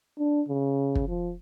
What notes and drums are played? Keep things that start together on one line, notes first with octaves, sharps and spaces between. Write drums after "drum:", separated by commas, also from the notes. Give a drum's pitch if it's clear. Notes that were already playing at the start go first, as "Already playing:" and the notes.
D4
C#3
drum: kick
F3